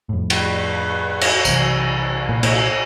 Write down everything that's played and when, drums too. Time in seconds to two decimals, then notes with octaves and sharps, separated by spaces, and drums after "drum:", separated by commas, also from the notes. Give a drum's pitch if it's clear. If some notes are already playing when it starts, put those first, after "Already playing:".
0.09 F2 A2
0.30 drum: cymbal
1.21 drum: cymbal
1.45 B1 C3 E3, drum: tambourine
2.29 A#2
2.43 A#2, drum: cymbal